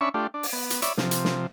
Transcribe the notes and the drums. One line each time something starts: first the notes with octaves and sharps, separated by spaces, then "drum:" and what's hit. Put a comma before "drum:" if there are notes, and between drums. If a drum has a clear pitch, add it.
C#4 D4 E5 B5 C#6
A3 D4 F4 G4
D4
drum: open hi-hat
B3
drum: hi-hat
C#5 D5 E5 B5, drum: hi-hat
C3 F3, drum: snare
drum: hi-hat
drum: snare